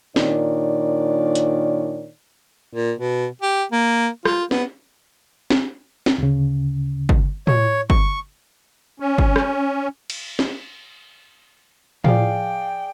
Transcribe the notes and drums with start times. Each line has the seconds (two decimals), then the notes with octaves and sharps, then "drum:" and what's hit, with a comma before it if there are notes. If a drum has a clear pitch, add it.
0.16 A#2 D#3 D4 C#5 D5, drum: snare
1.35 drum: hi-hat
2.74 A#2
2.99 B2
3.42 G4
3.72 A#3
4.25 F4, drum: rim click
4.51 B3, drum: snare
5.50 drum: snare
6.06 drum: snare
6.18 D2 C#3
7.09 drum: kick
7.47 C#5, drum: tom A2
7.90 C#6, drum: kick
9.00 C#4
9.18 drum: kick
9.36 drum: rim click
10.10 drum: cymbal
10.39 drum: snare
12.04 F3 G#4 D5 F5 G5, drum: tom A2